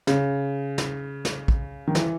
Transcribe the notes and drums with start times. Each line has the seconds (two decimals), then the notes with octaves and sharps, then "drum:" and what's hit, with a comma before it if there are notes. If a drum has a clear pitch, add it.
0.07 C#3, drum: snare
0.78 drum: snare
1.25 drum: snare
1.48 drum: kick
1.87 D#3
1.95 E3, drum: snare